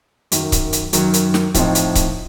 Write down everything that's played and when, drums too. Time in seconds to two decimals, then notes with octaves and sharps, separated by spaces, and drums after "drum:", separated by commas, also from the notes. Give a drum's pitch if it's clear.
0.32 F#2 D#3 F#3, drum: hi-hat
0.52 drum: kick C#1, hi-hat
0.73 drum: hi-hat
0.93 F#2 D#3 F#3, drum: hi-hat
1.14 drum: hi-hat
1.34 drum: snare
1.54 A2 F3 C4 D#4, drum: kick C#1, hi-hat
1.75 drum: hi-hat
1.95 drum: kick C#1, hi-hat